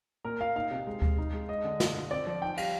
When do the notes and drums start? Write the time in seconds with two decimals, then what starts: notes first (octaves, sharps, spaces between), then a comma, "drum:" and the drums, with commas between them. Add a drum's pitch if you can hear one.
0.25 A#2 A#4
0.40 A#2 F5
0.56 D#4 F5
0.71 C3
0.87 G#3
1.02 G#3, drum: kick D2
1.18 D#4
1.33 G#3
1.49 G#3 D#5
1.64 D3
1.80 F4, drum: snare
1.96 D4
2.11 C4 D5
2.27 F3
2.42 D#4 G5
2.57 G3 F5, drum: cymbal